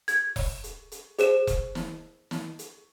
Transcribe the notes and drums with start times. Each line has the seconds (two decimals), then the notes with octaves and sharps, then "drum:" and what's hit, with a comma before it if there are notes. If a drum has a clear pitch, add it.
0.08 G#6, drum: hi-hat
0.36 drum: kick E1, open hi-hat
0.64 drum: hi-hat
0.92 drum: hi-hat
1.19 G#4 C5 E7, drum: hi-hat
1.47 drum: kick E1, hi-hat
1.75 drum: snare
2.31 drum: snare
2.59 drum: hi-hat